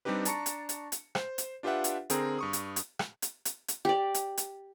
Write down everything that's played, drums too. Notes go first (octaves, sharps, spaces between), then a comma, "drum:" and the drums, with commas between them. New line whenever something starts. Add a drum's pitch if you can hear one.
G3 C4 D4 D#4 G4 B4
D4 A5 A#5 C#6 C#7, drum: hi-hat
drum: hi-hat
drum: hi-hat
drum: hi-hat
C5, drum: rim click
drum: hi-hat
D4 F4 G4 B4 E5 F#5
drum: hi-hat
D3 C4 G#4 A#4 G5 A#5, drum: hi-hat
G2 C#6 D#6
drum: hi-hat
drum: hi-hat
drum: rim click
drum: hi-hat
drum: hi-hat
drum: hi-hat
G4 D5
drum: hi-hat
drum: hi-hat